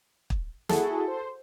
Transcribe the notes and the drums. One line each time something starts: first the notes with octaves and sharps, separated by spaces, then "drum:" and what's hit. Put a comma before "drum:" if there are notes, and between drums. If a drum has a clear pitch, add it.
drum: kick
E4 F#4 G#4 A4, drum: snare
C5